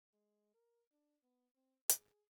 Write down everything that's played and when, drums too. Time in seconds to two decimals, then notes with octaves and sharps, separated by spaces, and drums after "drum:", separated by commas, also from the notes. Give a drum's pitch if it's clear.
0.13 G#3
0.54 A#4
0.92 D4
1.23 B3
1.56 C4
1.89 G#4, drum: hi-hat